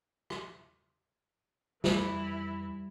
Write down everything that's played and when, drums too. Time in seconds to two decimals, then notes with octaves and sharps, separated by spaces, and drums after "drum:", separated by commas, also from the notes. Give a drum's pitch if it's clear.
0.30 drum: rim click
1.84 F2 E3 G3 D#4 E4, drum: snare